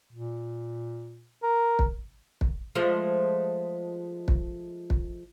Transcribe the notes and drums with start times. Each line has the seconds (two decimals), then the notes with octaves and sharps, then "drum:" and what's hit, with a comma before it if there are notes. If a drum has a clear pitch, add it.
0.13 A#2
1.43 A#4
1.79 drum: kick
2.41 drum: kick
2.75 F3 G#3 A3
4.28 drum: kick
4.90 drum: kick